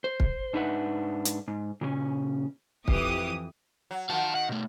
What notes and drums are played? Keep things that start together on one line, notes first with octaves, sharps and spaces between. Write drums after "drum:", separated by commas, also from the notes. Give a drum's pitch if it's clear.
C5
drum: kick
G#2 D4 D#4 B4 E5 F#5
drum: hi-hat
G#2
A#2 C#3 C#4
F2 E3 G4 D#6, drum: kick
F#3
D#3 F#4 F5 A5
F#5
B2 A3